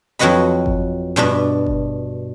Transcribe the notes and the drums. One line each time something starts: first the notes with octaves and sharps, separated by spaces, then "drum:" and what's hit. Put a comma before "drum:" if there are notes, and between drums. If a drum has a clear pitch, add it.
F2 F#3 F#4 B4 D#5 B5
drum: kick G1
G2 B2 D4 B4
drum: kick G1